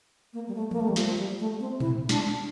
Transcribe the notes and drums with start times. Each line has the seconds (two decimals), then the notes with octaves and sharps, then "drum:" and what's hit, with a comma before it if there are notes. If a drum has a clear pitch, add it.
0.33 A#3
0.47 G3
0.55 A3
0.71 A#3, drum: tom E3
0.80 A3
0.88 G3
0.96 F3, drum: snare
1.17 G3
1.39 A3
1.60 C4
1.80 E4, drum: tom A#2
2.09 D4, drum: snare